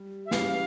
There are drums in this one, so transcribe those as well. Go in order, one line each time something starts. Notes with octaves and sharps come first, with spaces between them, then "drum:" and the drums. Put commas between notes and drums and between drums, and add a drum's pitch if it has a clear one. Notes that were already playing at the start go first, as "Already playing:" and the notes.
Already playing: G3
E5
C#3 E3 G3 F5, drum: snare